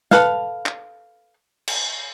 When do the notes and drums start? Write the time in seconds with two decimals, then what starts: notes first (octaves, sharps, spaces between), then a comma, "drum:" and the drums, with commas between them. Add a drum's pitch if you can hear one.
0.11 A4 B4 F5, drum: snare
0.66 drum: clap
1.68 drum: cymbal